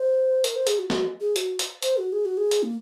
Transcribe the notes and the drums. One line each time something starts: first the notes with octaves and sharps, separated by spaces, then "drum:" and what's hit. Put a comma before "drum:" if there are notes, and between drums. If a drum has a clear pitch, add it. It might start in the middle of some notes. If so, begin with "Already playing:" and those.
Already playing: C5
A#4, drum: hi-hat
C5
G#4, drum: hi-hat
F#4
F#4, drum: snare
G#4
F#4, drum: hi-hat
drum: hi-hat
C5, drum: hi-hat
F#4
G#4
F#4
G#4
drum: hi-hat
A#3